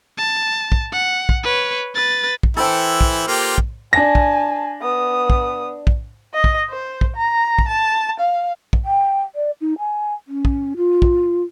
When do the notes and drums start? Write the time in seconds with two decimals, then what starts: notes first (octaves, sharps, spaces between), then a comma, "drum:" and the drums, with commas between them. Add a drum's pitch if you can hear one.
0.18 A5
0.72 drum: kick
0.92 F#5
1.29 drum: kick
1.43 B4 C#5
1.95 B4 A6
2.43 drum: kick
2.57 E3 E4 A4 C5 G5
3.01 drum: kick
3.27 A#3 F4 G4
3.58 drum: kick
3.93 D4 G#5 A5 A#6
4.15 drum: kick
4.81 B3 D#6
5.30 drum: kick
5.87 drum: kick
6.34 D#5
6.44 drum: kick
6.70 C5
7.01 drum: kick
7.16 A#5
7.59 drum: kick
7.68 A5
8.19 F5
8.73 drum: kick
8.85 G5
9.35 D5
9.61 D#4
9.79 G#5
10.28 C#4
10.45 drum: kick
10.77 F4
11.02 drum: kick